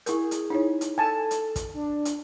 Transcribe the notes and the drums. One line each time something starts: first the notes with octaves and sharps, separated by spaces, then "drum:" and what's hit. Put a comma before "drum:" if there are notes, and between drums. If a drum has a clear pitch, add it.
E4 G#4 A#4, drum: hi-hat
drum: hi-hat
D#4 E4 C#5
drum: hi-hat
A4 G#5 A5
drum: hi-hat
drum: kick, hi-hat
D4
drum: hi-hat